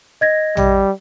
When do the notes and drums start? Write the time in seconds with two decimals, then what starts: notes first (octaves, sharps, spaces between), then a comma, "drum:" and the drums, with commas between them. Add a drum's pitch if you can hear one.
0.21 D#5 G#6 A#6
0.57 G3, drum: tom A#1